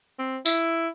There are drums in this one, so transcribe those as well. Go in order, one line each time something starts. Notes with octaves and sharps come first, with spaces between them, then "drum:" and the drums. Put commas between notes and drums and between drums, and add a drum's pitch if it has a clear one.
C4
E4, drum: tambourine